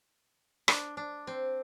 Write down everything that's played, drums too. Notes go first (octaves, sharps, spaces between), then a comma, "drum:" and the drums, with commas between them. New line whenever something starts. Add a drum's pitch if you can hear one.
D4, drum: rim click
D4
C4